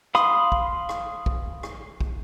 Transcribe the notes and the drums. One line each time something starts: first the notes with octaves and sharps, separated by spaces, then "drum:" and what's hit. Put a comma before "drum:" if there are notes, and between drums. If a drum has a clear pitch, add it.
F5 B5 C6 D#6, drum: rim click
drum: kick
drum: rim click
drum: kick
drum: rim click
drum: kick